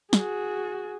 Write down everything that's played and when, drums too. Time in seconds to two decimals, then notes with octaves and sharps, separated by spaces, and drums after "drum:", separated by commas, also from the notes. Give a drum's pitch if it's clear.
0.13 F#4 G#4, drum: snare